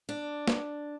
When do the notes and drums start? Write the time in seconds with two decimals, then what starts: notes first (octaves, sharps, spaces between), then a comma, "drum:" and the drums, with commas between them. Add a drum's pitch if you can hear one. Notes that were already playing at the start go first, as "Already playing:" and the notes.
0.09 D4
0.48 drum: snare